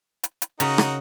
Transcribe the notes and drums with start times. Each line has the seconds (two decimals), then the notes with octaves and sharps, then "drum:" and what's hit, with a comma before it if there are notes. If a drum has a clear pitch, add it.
0.24 drum: hi-hat
0.42 drum: hi-hat
0.60 C#3 D#4 F#4 A#4, drum: hi-hat
0.78 drum: rim click